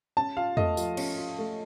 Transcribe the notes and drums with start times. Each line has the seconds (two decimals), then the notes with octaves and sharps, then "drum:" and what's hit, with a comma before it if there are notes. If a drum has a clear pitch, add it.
0.17 C#4 A5
0.37 F4 F5
0.57 A3 D#5, drum: tom E2
0.77 F3, drum: tambourine
0.97 C#4, drum: cymbal
1.18 F4
1.39 A3